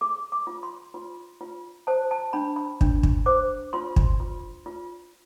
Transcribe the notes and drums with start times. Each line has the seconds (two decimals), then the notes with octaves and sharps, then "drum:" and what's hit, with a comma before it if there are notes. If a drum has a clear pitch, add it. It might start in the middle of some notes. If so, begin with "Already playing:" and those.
0.01 G#4 D6
0.32 D6
0.47 F4
0.63 C6
0.94 F4
1.41 F4
1.87 C5 A5
2.11 A5
2.33 D4 B5
2.56 B5
2.81 D4, drum: kick
3.03 drum: kick
3.26 C5 D6
3.73 F4 C6
3.96 drum: kick
4.20 F4
4.66 F4